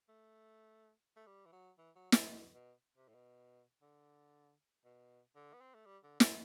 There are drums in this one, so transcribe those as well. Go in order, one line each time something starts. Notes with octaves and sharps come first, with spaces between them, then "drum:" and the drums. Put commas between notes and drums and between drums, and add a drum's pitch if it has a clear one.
A3
A3
G3
E3
F#3
E3
F#3
D3, drum: snare
C3
B2
B2
C3
A2
B2
D3
B2
D3
B3
C4
A3
G3
D3
F#3, drum: snare